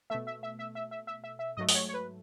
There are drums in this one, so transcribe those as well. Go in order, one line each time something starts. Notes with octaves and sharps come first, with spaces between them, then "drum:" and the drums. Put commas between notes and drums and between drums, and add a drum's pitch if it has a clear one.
B2 A3 E5
E5
E5
E5
E5
E5
E5
E5
E5
G#2 F#3 A3 D#5
D#5, drum: open hi-hat
C#5
C#5
B4